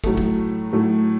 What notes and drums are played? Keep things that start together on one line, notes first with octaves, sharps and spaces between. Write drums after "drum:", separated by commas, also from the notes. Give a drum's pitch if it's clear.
A2 F#3 A3, drum: kick
drum: kick
A2 F#3 A3